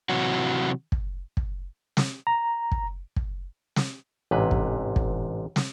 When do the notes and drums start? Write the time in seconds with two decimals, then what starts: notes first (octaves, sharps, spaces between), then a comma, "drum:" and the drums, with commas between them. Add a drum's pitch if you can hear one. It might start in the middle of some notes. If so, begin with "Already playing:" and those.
0.09 C3 E3 F#3 F#4
0.92 drum: kick
1.37 drum: kick
1.97 drum: snare
2.27 A#5
2.72 drum: kick
3.16 drum: kick
3.76 drum: snare
4.31 A1 G#2 C3 B4
4.51 drum: kick
4.96 drum: kick
5.56 drum: snare